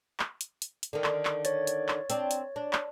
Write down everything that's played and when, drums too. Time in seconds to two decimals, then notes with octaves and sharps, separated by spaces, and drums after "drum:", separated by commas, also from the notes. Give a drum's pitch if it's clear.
0.20 drum: clap
0.41 drum: hi-hat
0.62 drum: hi-hat
0.83 drum: hi-hat
0.93 D3 D#3
1.04 drum: clap
1.25 drum: clap
1.45 C#5 A6, drum: hi-hat
1.67 drum: hi-hat
1.88 drum: clap
2.10 C4 D4, drum: hi-hat
2.31 drum: hi-hat
2.56 D4
2.73 drum: clap